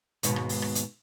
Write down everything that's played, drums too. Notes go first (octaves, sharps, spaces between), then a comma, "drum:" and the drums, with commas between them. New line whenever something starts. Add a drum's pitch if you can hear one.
D#2 G#2 B2, drum: hi-hat
drum: rim click
drum: open hi-hat
drum: rim click
drum: hi-hat